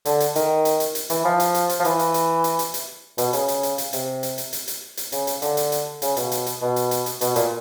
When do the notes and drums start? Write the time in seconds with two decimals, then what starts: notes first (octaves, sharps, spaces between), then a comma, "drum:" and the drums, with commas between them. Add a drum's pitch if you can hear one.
0.05 D3, drum: hi-hat
0.20 drum: hi-hat
0.36 D#3, drum: hi-hat
0.65 drum: hi-hat
0.80 drum: hi-hat
0.95 drum: hi-hat
1.10 E3, drum: hi-hat
1.25 F3
1.40 drum: hi-hat
1.55 drum: hi-hat
1.69 drum: hi-hat
1.80 F3
1.85 E3, drum: hi-hat
1.99 drum: hi-hat
2.14 drum: hi-hat
2.44 drum: hi-hat
2.59 drum: hi-hat
2.74 drum: hi-hat
3.18 B2, drum: hi-hat
3.33 C#3, drum: hi-hat
3.48 drum: hi-hat
3.63 drum: hi-hat
3.78 drum: hi-hat
3.93 C3, drum: hi-hat
4.23 drum: hi-hat
4.38 drum: hi-hat
4.53 drum: hi-hat
4.68 drum: hi-hat
4.97 drum: hi-hat
5.12 C#3, drum: hi-hat
5.27 drum: hi-hat
5.42 D3, drum: hi-hat
5.57 drum: hi-hat
5.72 drum: hi-hat
6.02 C#3, drum: hi-hat
6.17 B2, drum: hi-hat
6.32 drum: hi-hat
6.46 drum: hi-hat
6.62 B2
6.76 drum: hi-hat
6.91 drum: hi-hat
7.06 drum: hi-hat
7.21 B2, drum: hi-hat
7.36 A#2, drum: hi-hat